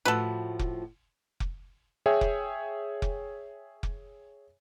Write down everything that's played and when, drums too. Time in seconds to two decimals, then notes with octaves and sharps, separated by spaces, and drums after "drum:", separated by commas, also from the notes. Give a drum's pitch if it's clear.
0.05 A2 F3 F#4 A4 B4
0.59 drum: kick F1
1.40 drum: kick F1
2.06 G#4 C#5 E5 G5 G#5
2.21 drum: kick F1
3.02 drum: kick F1
3.83 drum: kick F1